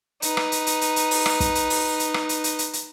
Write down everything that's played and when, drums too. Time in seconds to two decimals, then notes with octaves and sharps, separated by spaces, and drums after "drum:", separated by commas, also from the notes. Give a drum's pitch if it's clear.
0.22 D#4 B4, drum: hi-hat
0.37 drum: rim click
0.52 drum: hi-hat
0.67 drum: hi-hat
0.81 drum: hi-hat
0.96 drum: hi-hat
1.11 drum: open hi-hat
1.26 drum: rim click
1.40 drum: kick, hi-hat
1.55 drum: hi-hat
1.70 drum: open hi-hat
1.99 drum: hi-hat
2.14 drum: rim click
2.29 drum: hi-hat
2.44 drum: hi-hat
2.59 drum: hi-hat
2.73 drum: hi-hat